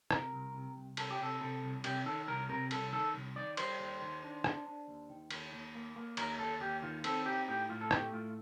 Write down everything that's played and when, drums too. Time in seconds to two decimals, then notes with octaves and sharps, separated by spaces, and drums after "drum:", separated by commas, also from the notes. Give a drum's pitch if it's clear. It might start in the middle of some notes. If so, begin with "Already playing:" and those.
0.11 C3 A#4, drum: rim click
0.33 C2
0.54 C3
0.76 C2
0.97 C3 A4, drum: cymbal
1.11 G4
1.19 C3 A4
1.41 C3 A4
1.62 C2
1.84 C3 G4, drum: cymbal
2.06 D#3 A4
2.27 C2 A#4
2.49 C3 A#4
2.71 C2 A4, drum: cymbal
2.92 D#3 A4
3.14 C2
3.36 D#3 D5
3.57 G3 C5, drum: cymbal
3.79 D#2
4.01 D#3
4.23 D4
4.44 D4, drum: rim click
4.66 D4
4.88 D#2
5.09 D#3
5.31 D#2, drum: cymbal
5.53 D#2
5.75 A#3
5.96 A#3
6.17 D#2 A#4, drum: cymbal
6.39 D#2 A4
6.61 D#2 G4
6.82 D#3 F4
7.04 C4 A4, drum: cymbal
7.26 D#4 G4
7.48 A2 G4
7.69 A2 F4
7.81 A4
7.91 A3 G4, drum: rim click
8.13 A2 F4